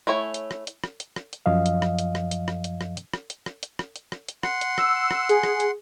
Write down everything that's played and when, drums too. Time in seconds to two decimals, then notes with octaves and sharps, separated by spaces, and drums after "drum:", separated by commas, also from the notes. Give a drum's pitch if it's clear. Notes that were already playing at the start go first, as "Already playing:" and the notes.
0.07 A3 E4 C#5 G#5
0.34 drum: hi-hat
0.51 drum: rim click
0.67 drum: hi-hat
0.84 drum: rim click
1.00 drum: hi-hat
1.16 drum: rim click
1.33 drum: hi-hat
1.46 F#2 F3 D#5 F5
1.66 drum: hi-hat
1.82 drum: rim click
1.99 drum: hi-hat
2.15 drum: rim click
2.31 drum: hi-hat
2.48 drum: rim click
2.64 drum: hi-hat
2.81 drum: rim click
2.97 drum: hi-hat
3.13 drum: rim click
3.30 drum: hi-hat
3.46 drum: rim click
3.63 drum: hi-hat
3.79 drum: rim click
3.96 drum: hi-hat
4.12 drum: rim click
4.28 drum: hi-hat
4.43 F#5 C6, drum: rim click
4.61 drum: hi-hat
4.78 E6, drum: rim click
5.11 drum: rim click
5.29 G#4, drum: hi-hat
5.43 drum: rim click
5.60 drum: hi-hat